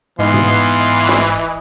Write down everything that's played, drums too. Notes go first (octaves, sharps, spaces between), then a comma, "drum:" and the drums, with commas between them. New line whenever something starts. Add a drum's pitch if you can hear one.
G#2 E3 B3 D#5 F5 C6
drum: tom
drum: snare